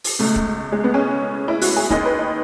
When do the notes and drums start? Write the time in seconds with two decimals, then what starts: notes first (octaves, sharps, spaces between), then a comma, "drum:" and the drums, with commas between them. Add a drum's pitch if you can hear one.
0.04 drum: open hi-hat
0.19 C#2 B2 A3
0.36 drum: kick
0.72 G#3
0.84 B3
0.94 C#4
1.48 E4
1.61 F#4, drum: open hi-hat
1.76 G#4
1.90 D#2 D#3 D#5, drum: kick
2.05 B4
2.19 D#4